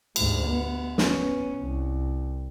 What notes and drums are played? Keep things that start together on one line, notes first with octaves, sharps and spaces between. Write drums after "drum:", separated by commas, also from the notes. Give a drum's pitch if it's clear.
D2 G#2, drum: cymbal
B3
B3 C#4, drum: snare
C2